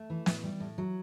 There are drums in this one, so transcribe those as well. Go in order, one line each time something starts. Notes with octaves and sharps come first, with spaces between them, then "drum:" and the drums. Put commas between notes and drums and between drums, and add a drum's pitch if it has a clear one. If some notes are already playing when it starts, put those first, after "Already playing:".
Already playing: A3
E3
A2, drum: snare
G3
A2
F#3